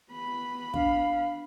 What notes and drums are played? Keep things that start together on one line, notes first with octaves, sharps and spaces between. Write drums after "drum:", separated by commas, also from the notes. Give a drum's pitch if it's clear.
B3 B5
D4 F5, drum: kick